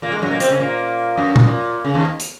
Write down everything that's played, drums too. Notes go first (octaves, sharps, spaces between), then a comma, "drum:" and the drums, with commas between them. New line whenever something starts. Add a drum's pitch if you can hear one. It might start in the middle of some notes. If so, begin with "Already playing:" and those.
A#2 A#3
G#2 G#3
F#2 F#3
A#2 A#3
C3 C4, drum: hi-hat
C#3 C#4
A#2 A#3
F#2 F#3
drum: tom A#2
A#2
C#3
D#2 D#3
drum: hi-hat